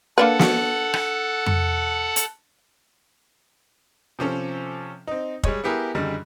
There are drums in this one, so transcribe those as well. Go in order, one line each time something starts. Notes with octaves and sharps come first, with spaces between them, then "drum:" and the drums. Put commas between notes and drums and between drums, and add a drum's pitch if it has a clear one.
A#3 D4 A4 B4 F#5
drum: snare
drum: rim click
drum: tom F2
drum: hi-hat
C3 F3 C#4 A4
C4 D#4
G3 G#3 C#5 D#5, drum: kick
B3 E4 G4 G#4 A#4
F#2 D3 D#3 G3 G#3